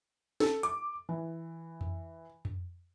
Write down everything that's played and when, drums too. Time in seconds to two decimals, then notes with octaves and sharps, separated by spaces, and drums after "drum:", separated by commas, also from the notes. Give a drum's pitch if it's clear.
0.40 A4, drum: snare
0.63 D6, drum: hi-hat
1.09 E3
1.81 drum: tom F2
2.45 drum: tom F2